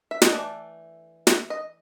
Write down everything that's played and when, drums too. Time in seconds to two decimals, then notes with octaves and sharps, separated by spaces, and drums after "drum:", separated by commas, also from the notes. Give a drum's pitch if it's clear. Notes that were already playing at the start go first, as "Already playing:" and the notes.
0.11 E5
0.22 D#5, drum: snare
0.32 E3 A3 D4 D5
1.27 E5, drum: snare
1.50 D#5